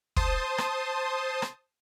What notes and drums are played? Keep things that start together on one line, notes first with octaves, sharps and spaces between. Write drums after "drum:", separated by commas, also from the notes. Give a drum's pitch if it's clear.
C5 A5 C6 D#6, drum: kick
drum: rim click
drum: rim click